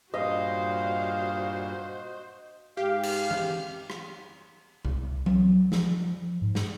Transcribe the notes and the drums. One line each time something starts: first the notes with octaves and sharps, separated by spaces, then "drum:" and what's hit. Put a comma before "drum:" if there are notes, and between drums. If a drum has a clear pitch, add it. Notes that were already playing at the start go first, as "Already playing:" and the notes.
G2 A#2 F#4 C5 D#5 F5
G#2 G4 F5
drum: cymbal
drum: tom E3
drum: rim click
C2, drum: tom C3
F#3, drum: tom E3
F3, drum: snare
G#2
drum: snare